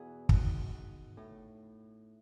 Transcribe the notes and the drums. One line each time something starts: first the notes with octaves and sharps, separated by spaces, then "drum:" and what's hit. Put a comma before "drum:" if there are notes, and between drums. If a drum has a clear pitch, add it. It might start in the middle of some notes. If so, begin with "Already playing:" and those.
Already playing: E2 B2 E4 F#4 G#4
D#4 F#4, drum: kick
A2